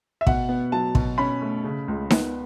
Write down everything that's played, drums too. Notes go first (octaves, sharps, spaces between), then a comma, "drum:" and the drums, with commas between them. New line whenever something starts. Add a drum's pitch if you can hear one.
E5
B2 F#5, drum: kick
B3
F#3 A5
B2, drum: kick
C#4 B5
A3
C#3
C#2
B3, drum: snare D#4